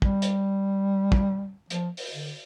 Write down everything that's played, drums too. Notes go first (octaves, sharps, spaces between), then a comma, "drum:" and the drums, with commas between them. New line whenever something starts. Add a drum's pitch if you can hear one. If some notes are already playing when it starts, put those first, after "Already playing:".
G3, drum: kick
drum: hi-hat
drum: kick
F3, drum: hi-hat
drum: open hi-hat
D3